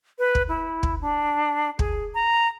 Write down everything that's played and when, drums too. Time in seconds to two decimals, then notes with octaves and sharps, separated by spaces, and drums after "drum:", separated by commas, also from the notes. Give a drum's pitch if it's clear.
0.19 B4
0.35 drum: kick
0.49 E4
0.83 drum: kick
1.01 D4
1.79 G#4, drum: kick
2.15 A#5